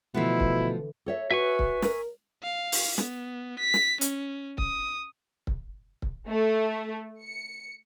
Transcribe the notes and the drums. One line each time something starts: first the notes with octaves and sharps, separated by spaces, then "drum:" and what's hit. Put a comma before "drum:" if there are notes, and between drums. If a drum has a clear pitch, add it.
B2 D3 E3 F3 A3 B3 E4
drum: kick C#1
A4 C#5 E5
F#4 B4 E5 G#5 C#6
drum: kick C#1
A#4, drum: snare
F5
drum: open hi-hat
B3, drum: snare
B6
drum: snare
C#4, drum: hi-hat
D#6, drum: kick C#1
drum: kick C#1
drum: kick C#1
A3
C#7